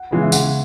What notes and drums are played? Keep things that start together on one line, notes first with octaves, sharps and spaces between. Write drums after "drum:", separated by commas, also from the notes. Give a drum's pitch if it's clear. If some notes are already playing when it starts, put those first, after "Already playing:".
Already playing: F#5
C#3 E3 G#3 B3
E5
C#3 F#5, drum: tambourine